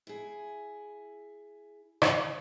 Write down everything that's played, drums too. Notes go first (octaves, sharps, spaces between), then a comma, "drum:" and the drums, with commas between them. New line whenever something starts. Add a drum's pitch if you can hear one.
E4 G#4
drum: rim click